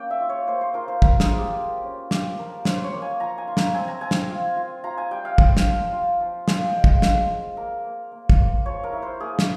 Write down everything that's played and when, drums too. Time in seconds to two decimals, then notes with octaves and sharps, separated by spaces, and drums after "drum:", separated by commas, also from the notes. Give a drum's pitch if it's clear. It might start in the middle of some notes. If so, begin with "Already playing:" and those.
Already playing: A#3 C#4 G5
0.11 E5
0.20 F4
0.29 C#5
0.47 A#3 C5
0.61 C5
0.74 F4 A#4
0.88 C5
1.02 F4 A#4, drum: kick
1.20 G#4, drum: snare
1.30 F4
1.38 G4
1.56 A#3
1.84 C#4
2.11 F3 G4, drum: snare
2.38 F3 A#4
2.65 C#4 C5, drum: snare
2.76 C5
2.84 C#5
2.93 A#3
3.02 G#5
3.20 F3 A#5
3.38 G#5
3.48 F4
3.57 A#5, drum: snare
3.74 C4 G#5
3.88 A#5
4.01 C4 G#5
4.11 drum: snare
4.29 F4
4.57 F4
4.84 F4 A#5
4.98 G#5
5.11 G3 G5
5.25 F5
5.38 F4 G5, drum: kick
5.57 drum: snare
5.66 F3
5.92 F4
6.21 F3
6.48 F4 G#5, drum: snare
6.66 G5
6.75 G#3
6.84 F5, drum: kick
7.02 F3, drum: snare
7.29 F4
7.57 A#3 A#4
7.84 A#3
8.12 A#3
8.30 drum: kick
8.39 A#3
8.65 F3 C#5
8.83 A#4
8.93 E4
9.02 C5
9.20 A#3 G#4
9.39 drum: snare